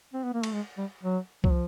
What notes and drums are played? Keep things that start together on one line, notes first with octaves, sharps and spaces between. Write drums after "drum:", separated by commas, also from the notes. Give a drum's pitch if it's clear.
C4
B3
A#3
A3, drum: cymbal
G#3
G3
F#3
F#3, drum: kick C2
F3